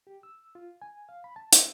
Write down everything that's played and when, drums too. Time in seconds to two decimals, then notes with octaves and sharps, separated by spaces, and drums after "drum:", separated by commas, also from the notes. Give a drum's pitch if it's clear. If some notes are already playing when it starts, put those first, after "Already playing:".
0.07 G4
0.23 E6
0.55 F4
0.82 G#5
1.09 F5
1.24 B5
1.36 A5
1.53 E6, drum: hi-hat